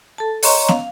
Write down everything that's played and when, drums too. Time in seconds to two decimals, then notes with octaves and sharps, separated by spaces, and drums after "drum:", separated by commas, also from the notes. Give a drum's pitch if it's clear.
0.18 A4 A5
0.43 C#5 D#5 A#5 C6 C#6, drum: open hi-hat
0.68 F5, drum: snare B3